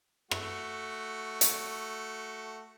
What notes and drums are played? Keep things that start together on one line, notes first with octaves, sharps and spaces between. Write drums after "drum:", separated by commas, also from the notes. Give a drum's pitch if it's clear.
A3 F#4, drum: rim click
drum: hi-hat